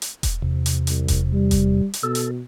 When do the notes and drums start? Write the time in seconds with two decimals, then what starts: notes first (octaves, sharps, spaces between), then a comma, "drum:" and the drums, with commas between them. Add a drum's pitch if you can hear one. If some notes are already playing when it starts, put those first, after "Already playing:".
0.02 drum: hi-hat
0.23 drum: kick E1, hi-hat
0.42 E2 C3
0.66 drum: hi-hat
0.87 C2, drum: hi-hat
1.08 drum: kick E1, hi-hat
1.33 G3
1.51 drum: kick E1, hi-hat
1.94 drum: hi-hat
2.03 B2 A4
2.15 drum: hi-hat